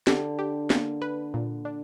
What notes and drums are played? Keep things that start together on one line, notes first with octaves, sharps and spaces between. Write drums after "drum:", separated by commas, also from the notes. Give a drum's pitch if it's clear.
D3 G4, drum: snare
G4
A#3, drum: snare
B4
A#2
D4